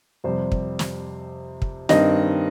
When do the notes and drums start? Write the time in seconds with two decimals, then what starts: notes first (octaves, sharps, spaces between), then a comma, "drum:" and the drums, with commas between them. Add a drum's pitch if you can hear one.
0.24 F2 C3 G3 C5
0.52 drum: kick
0.79 drum: snare
1.62 drum: kick
1.89 G2 D#3 C4 D#5, drum: snare